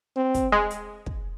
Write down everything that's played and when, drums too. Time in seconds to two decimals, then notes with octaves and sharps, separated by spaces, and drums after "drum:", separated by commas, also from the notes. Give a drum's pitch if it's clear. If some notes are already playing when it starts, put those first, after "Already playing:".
0.16 C4
0.34 drum: kick, hi-hat
0.52 G#3
0.70 drum: hi-hat
1.06 drum: kick